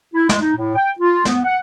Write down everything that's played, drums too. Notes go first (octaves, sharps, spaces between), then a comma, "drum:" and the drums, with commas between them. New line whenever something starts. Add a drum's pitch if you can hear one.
E4
G#3, drum: snare
D#4
A2
G5
F4
B3, drum: snare
F#5